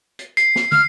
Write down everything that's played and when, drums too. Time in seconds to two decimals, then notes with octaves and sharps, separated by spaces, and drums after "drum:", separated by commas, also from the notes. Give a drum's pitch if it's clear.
0.19 drum: hi-hat
0.37 C7, drum: hi-hat
0.56 drum: snare
0.72 F6, drum: tom